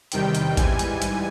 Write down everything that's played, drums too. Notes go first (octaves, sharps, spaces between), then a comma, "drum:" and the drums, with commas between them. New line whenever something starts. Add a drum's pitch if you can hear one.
E2 C3 D#3 G3 G5, drum: hi-hat
drum: hi-hat
G#2 E3 G3 G#5, drum: kick A1, hi-hat
drum: hi-hat
drum: hi-hat